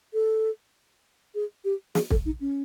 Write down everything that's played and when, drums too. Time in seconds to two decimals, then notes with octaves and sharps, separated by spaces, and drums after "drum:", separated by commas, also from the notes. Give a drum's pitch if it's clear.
0.14 A4
1.35 G#4
1.65 G4
1.95 G#4, drum: snare
2.10 A4, drum: kick
2.25 D#4
2.41 C#4